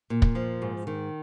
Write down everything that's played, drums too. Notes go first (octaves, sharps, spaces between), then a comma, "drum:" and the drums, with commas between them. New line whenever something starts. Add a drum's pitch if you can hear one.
A#2
drum: kick
F3
G#2
D#3